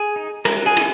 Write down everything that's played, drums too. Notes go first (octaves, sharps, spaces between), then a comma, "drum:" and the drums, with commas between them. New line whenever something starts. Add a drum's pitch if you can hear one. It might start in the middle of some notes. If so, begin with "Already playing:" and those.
Already playing: G#4 G#5
D#4
G#3 A#4 A#5, drum: cymbal
G#4 G#5
D#4, drum: cymbal